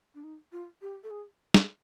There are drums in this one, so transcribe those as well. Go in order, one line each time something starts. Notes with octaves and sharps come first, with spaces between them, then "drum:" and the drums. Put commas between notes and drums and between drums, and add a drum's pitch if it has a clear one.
D4
D#4
F4
G4
A4
G#4
drum: snare